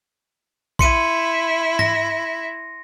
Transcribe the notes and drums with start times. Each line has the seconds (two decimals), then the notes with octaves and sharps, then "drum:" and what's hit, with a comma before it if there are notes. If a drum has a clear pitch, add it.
0.79 E4 C6 C#7 D#7, drum: kick A#1
1.79 A#6, drum: tom G#2